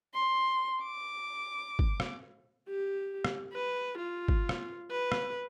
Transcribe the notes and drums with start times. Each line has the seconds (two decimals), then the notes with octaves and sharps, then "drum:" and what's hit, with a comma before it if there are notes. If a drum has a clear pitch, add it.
0.14 C6
0.83 D6
1.79 drum: kick
2.00 drum: rim click
2.69 G4
3.25 drum: rim click
3.53 B4
3.99 F4
4.28 drum: kick
4.49 drum: rim click
4.91 B4
5.12 drum: rim click